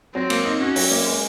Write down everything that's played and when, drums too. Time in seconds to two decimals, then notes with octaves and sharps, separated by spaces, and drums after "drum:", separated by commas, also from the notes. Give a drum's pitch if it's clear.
0.15 F#3 C4
0.30 A#3, drum: cymbal
0.45 D#4
0.60 C#4 F#4
0.76 F#3, drum: open hi-hat
0.91 A#3
1.06 G#3